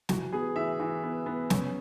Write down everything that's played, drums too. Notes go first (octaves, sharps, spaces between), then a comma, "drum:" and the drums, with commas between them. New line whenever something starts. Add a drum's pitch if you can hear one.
E3 F#4, drum: snare
B3 G#4
E3 E5
E3
B3
B3
C#4, drum: snare